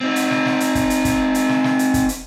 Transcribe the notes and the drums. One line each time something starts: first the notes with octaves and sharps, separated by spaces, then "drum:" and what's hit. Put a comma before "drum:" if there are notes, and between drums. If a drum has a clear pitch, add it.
C4 D#4
drum: hi-hat
drum: snare
drum: snare
drum: hi-hat
drum: kick, hi-hat
drum: hi-hat
drum: kick, hi-hat
drum: hi-hat
drum: snare
drum: snare
drum: hi-hat
drum: kick, hi-hat
drum: hi-hat